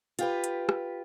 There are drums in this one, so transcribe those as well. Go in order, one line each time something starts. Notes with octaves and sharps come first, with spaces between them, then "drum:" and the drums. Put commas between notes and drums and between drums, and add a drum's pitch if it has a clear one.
F4 G4 B4, drum: hi-hat
drum: hi-hat
drum: rim click